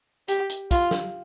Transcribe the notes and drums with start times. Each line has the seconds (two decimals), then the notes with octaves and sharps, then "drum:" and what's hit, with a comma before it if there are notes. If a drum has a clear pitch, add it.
0.28 G4, drum: hi-hat
0.50 drum: hi-hat
0.71 F4, drum: kick, hi-hat
0.91 drum: snare